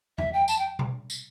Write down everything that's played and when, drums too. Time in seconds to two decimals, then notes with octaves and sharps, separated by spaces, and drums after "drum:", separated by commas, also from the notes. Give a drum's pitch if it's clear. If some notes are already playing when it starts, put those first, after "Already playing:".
0.18 E5, drum: tom E2
0.33 G5
0.48 A5, drum: tambourine
0.59 G5
0.79 drum: tom B2
1.10 drum: tambourine